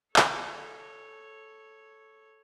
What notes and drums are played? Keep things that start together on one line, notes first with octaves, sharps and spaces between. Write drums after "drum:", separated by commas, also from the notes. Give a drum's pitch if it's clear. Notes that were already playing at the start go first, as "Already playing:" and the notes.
A4 C#5, drum: clap